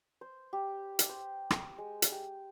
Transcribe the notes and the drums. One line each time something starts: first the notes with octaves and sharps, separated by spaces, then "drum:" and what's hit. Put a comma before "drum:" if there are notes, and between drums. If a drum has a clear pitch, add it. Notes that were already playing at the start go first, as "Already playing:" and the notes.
C5
G4
drum: hi-hat
C5
drum: rim click
G#3
drum: hi-hat
G4